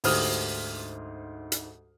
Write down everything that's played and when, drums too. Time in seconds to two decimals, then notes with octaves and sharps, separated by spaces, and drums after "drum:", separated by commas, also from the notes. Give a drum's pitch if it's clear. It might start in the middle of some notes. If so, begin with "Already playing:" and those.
0.04 D2 G#2 G4 C5 D#6 F6, drum: open hi-hat
1.52 drum: hi-hat